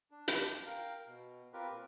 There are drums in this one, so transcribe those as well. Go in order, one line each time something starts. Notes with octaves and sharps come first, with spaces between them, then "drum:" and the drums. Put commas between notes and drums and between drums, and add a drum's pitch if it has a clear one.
D4
drum: hi-hat
A#4 F5 G5
B2
C4 F4 G4 A#4 B4
A#2 C4